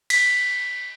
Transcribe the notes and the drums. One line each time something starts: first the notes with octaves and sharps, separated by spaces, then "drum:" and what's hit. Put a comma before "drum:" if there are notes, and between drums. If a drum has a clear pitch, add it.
B6, drum: cymbal